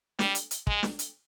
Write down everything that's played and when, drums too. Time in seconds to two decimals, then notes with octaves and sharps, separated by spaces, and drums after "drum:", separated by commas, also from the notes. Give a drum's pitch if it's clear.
0.19 G3, drum: snare
0.35 drum: hi-hat
0.51 drum: hi-hat
0.67 G#3, drum: kick
0.83 drum: snare
0.99 drum: hi-hat